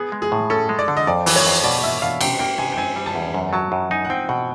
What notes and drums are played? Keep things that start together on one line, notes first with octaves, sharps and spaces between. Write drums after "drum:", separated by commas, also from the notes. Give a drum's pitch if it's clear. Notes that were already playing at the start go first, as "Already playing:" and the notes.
Already playing: B3 G#4
G#3
G#4
A2
C#4 A4
G#3
D5
D3
D#5
F2 D5
E3, drum: open hi-hat
C#5
F2
B2 D5
A#3 E5
B2 F5
C3 G5, drum: cymbal
A#3 G5
C3 G#5
G5
C4 G#5
G3
A5
E2
F#2
F#3 A5
F#2
D#4 G#5
F#5
C4 G5
B2 F#5